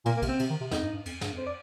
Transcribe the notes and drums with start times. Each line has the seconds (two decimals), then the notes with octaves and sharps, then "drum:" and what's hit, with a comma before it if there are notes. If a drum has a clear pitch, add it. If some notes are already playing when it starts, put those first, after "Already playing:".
0.05 A#2 A#3, drum: cymbal
0.17 A#3
0.22 C3, drum: kick, cymbal
0.28 C4
0.39 C3, drum: cymbal
0.50 D#3
0.60 C3
0.71 F2 D#4, drum: snare
0.82 G2
0.93 G2
1.06 F2, drum: cymbal
1.21 G2, drum: snare
1.32 F2
1.38 C5
1.47 D5